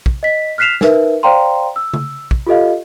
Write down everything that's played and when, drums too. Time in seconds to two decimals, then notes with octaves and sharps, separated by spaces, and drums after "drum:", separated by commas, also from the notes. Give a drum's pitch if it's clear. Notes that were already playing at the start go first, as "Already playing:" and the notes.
0.06 drum: kick
0.23 D#5 B6
0.58 F6 F#6 B6 C7 E7 F7
0.81 D#4 A#4 B4 E5, drum: snare
1.23 C5 D5 F5 G5 A#5 C6
1.76 E6
1.94 drum: tom C#3
2.31 drum: kick
2.47 F4 G4 A4 D#5 F5